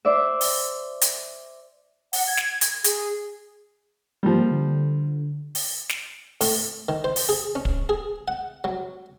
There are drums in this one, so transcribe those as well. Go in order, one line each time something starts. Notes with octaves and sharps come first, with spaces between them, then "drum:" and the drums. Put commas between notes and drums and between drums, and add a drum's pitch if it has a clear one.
C5 D5 E5
drum: open hi-hat
drum: hi-hat
F#5, drum: open hi-hat
G#6
drum: snare
drum: hi-hat
G#4, drum: hi-hat
F3 G3 A#3
D3
drum: open hi-hat
drum: snare
A2, drum: open hi-hat
D#3
C5
drum: open hi-hat
G#4
C#4
drum: kick
G#4
F#5
F#3